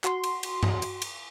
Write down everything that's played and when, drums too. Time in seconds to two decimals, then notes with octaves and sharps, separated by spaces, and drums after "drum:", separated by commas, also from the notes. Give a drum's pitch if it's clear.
0.04 F#4 C6, drum: clap
0.24 drum: cymbal
0.43 drum: cymbal
0.63 drum: tom G2
0.82 drum: cymbal
1.02 drum: cymbal